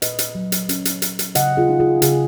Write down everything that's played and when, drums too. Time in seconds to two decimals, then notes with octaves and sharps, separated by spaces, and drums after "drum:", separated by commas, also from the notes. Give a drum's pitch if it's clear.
0.02 A#2 B4 D#5, drum: hi-hat
0.19 drum: hi-hat
0.35 F#3
0.52 drum: hi-hat
0.69 C#4, drum: hi-hat
0.85 drum: hi-hat
1.02 C#4, drum: hi-hat
1.19 drum: hi-hat
1.35 C#3 D#5 F#5, drum: hi-hat
1.57 F4 G#4
1.70 D#4
1.80 F4 G#4
2.02 C#3 G#4, drum: hi-hat